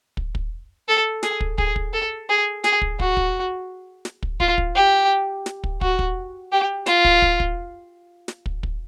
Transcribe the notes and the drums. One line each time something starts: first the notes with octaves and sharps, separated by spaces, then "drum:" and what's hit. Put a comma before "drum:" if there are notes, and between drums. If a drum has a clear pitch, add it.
drum: kick
drum: kick
A4
G#4, drum: snare
drum: kick
G#4, drum: kick
drum: kick
A4
G#4
G#4, drum: snare
drum: kick
F#4, drum: kick
drum: kick
drum: snare
drum: kick
F4, drum: kick
drum: kick
G4
drum: snare
drum: kick
F#4, drum: kick
drum: kick
G4
F4, drum: snare
drum: kick
drum: kick
drum: kick
drum: snare
drum: kick
drum: kick